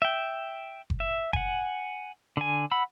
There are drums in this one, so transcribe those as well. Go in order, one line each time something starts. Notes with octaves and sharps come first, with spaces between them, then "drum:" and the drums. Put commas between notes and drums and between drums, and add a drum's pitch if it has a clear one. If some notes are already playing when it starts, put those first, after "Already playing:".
E5 G5
drum: kick F#1
E5
F#5 G#5, drum: kick F#1
D3 G#5
F#5 B5 E6